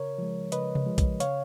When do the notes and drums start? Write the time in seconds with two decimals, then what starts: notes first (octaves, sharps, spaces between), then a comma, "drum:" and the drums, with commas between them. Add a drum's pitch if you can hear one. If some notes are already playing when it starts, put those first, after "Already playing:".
Already playing: C#3 A#4 C#5
0.18 F3 G#3
0.52 C#3 B4 D#5, drum: hi-hat
0.75 drum: tom C3
0.86 F3 G#3
0.98 drum: kick, hi-hat
1.20 C#3 C#5 F5, drum: hi-hat